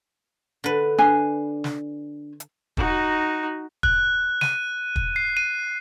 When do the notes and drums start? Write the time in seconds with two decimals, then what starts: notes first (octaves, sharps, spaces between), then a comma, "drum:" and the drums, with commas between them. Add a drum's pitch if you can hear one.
0.64 D3 B4
0.98 D4 G#5
1.64 drum: snare
2.40 drum: hi-hat
2.77 D#4 F#4, drum: kick
3.83 F#6, drum: kick
4.41 D#7, drum: snare
4.96 drum: kick
5.16 C7
5.37 D#7